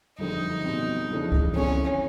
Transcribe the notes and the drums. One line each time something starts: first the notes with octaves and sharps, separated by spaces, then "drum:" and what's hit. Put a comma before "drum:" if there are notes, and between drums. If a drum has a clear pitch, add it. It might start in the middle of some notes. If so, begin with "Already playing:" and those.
F#1 F2 D3 G3 D#4
B2 G3 C4
F2 C#3 E3 A3 D4
drum: kick C#2
G1 G2 E3 A3 C4 C#4